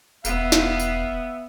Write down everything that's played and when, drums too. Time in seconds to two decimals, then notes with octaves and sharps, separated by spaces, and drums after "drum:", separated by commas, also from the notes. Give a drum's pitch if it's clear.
0.25 E1 B3 E5 F5, drum: tambourine
0.52 drum: snare
0.80 drum: tambourine